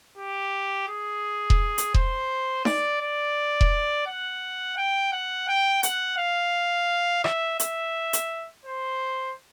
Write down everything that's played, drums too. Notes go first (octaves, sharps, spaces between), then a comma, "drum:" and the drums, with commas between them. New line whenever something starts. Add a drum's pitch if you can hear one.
G4
G#4
drum: kick E1
drum: hi-hat
C5, drum: kick E1
D5, drum: snare D#4
D5
drum: kick E1
F#5
G5
F#5
G5
F#5, drum: hi-hat
F5
E5, drum: rim click
E5, drum: hi-hat
drum: hi-hat
C5